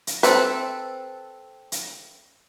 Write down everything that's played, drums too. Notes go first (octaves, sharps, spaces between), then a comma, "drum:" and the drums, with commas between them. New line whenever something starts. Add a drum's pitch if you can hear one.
drum: hi-hat
C4 A4 B4, drum: hi-hat
drum: hi-hat